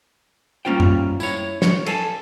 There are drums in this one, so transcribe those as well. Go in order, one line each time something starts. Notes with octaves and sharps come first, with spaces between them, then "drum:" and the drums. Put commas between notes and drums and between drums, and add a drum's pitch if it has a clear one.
G3 A#3 C#4 F4 C5 G5
drum: tom F#2
E4 C#5, drum: tambourine
C#5, drum: snare
A4 F5 G#5 A5, drum: cymbal